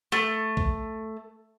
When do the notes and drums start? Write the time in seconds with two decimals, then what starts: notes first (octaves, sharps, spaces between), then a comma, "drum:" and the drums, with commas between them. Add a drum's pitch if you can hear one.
0.12 A3, drum: rim click
0.57 drum: kick A#1